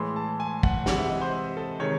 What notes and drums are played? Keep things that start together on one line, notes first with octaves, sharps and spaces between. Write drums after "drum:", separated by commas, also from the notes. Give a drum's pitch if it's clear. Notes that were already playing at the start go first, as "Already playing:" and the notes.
Already playing: A2 E3 G#3 C6
A5
G#5
F#5, drum: kick
C3 E3 G#3 F#5, drum: snare
E5
D#5
C5
C5
A4
C3 D#3 G#3 C#5